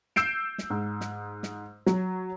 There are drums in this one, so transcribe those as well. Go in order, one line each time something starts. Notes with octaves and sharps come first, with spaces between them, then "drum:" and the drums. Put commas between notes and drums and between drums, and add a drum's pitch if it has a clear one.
E6 G6 C7 D7 E7, drum: snare
drum: snare
G#2
drum: snare
drum: snare
F#3, drum: snare